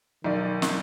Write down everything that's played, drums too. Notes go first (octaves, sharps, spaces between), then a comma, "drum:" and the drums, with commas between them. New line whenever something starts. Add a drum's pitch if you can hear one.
B1 D#3 D5
drum: snare